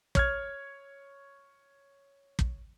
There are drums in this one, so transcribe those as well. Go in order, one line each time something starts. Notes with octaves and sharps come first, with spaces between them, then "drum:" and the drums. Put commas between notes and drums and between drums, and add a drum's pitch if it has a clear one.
C#5 F6 G#6, drum: kick
drum: kick